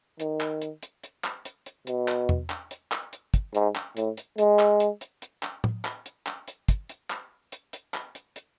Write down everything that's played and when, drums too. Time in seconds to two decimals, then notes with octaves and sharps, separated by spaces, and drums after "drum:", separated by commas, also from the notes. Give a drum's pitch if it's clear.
0.20 D#3, drum: hi-hat
0.41 drum: clap
0.62 drum: hi-hat
0.83 drum: hi-hat
1.03 drum: hi-hat
1.24 drum: clap
1.45 drum: hi-hat
1.66 drum: hi-hat
1.87 B2, drum: hi-hat
2.08 drum: clap
2.29 drum: tom E2
2.50 drum: clap
2.71 drum: hi-hat
2.92 drum: clap
3.13 drum: hi-hat
3.34 drum: kick, hi-hat
3.55 G#2, drum: hi-hat
3.76 drum: clap
3.97 A2, drum: hi-hat
4.17 drum: hi-hat
4.38 G#3, drum: hi-hat
4.59 drum: clap
4.80 drum: hi-hat
5.01 drum: hi-hat
5.22 drum: hi-hat
5.43 drum: clap
5.64 drum: tom
5.85 drum: clap
6.06 drum: hi-hat
6.27 drum: clap
6.48 drum: hi-hat
6.69 drum: kick, hi-hat
6.89 drum: hi-hat
7.10 drum: clap
7.52 drum: hi-hat
7.73 drum: hi-hat
7.94 drum: clap
8.15 drum: hi-hat
8.36 drum: hi-hat